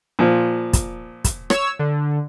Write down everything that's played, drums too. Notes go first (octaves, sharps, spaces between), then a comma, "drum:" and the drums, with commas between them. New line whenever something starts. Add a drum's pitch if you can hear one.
A#2 F3
drum: kick, hi-hat
drum: kick, hi-hat
C#5 E6, drum: rim click
D3